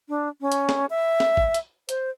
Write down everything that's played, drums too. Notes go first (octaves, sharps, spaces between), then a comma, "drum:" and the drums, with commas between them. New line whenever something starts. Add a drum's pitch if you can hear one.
D4
C#4
drum: hi-hat
drum: snare
E5
drum: snare
drum: kick
drum: hi-hat
C5, drum: hi-hat